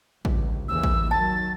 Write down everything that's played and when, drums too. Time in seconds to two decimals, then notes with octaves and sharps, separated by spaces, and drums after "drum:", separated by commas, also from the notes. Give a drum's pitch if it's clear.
0.25 G1 C#2 G2, drum: kick A1
0.68 D#2 C#3 E3 E6
0.83 drum: kick A1
1.11 D#3 F#3 A5 A6